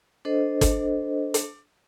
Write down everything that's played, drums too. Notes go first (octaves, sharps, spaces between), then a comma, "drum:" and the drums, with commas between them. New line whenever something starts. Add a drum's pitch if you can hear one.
D4 A4 C5 D#5
drum: kick, hi-hat
drum: hi-hat